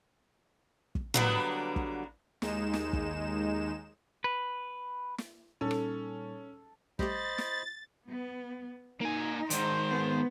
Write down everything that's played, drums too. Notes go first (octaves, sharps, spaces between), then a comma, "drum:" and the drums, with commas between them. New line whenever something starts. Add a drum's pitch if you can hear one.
drum: kick
D3 F#3 G3 A#3 B3 D4, drum: tom
drum: kick
D#2 G#3 D#4 E7, drum: snare
drum: snare
drum: kick
B4
drum: snare
A#2 G3 C#4 D#4 A4
drum: rim click
G3 A3 G4 C5 D#5 B5 A6, drum: kick
drum: snare
B3
A#3 D#4 G#5
G#2 D#3 C5, drum: hi-hat
B3